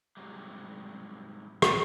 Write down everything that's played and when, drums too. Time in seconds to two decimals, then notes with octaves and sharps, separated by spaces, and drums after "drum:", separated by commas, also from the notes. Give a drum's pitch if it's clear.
0.17 G#2 C3 F#3 G3
1.62 drum: rim click